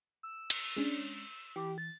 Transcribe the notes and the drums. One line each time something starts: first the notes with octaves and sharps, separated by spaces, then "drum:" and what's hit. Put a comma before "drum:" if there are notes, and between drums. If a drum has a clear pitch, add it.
E6
drum: cymbal
G#3 C#4 D4
E3 G4
A6